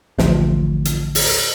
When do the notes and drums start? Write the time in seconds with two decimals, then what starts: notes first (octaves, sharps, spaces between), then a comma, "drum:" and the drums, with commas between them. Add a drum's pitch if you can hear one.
0.18 A1 D2 F3, drum: snare
0.85 drum: hi-hat
1.15 drum: open hi-hat